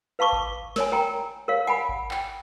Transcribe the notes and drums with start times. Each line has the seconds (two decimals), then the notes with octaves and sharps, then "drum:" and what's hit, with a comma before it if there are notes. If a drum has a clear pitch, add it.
0.19 B4 F5 A5 C#6 D6
0.33 drum: kick G#1
0.76 A#4 C#5 G#5, drum: snare
0.92 A#4 G5 A#5
1.48 A#4 C#5 F5
1.67 F#5 G#5 B5
1.89 drum: kick G#1
2.11 G5, drum: clap